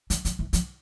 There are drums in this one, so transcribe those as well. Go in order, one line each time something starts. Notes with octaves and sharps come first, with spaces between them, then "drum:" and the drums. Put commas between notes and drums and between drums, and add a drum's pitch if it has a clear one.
E3, drum: hi-hat
F3, drum: hi-hat
E3
F3, drum: hi-hat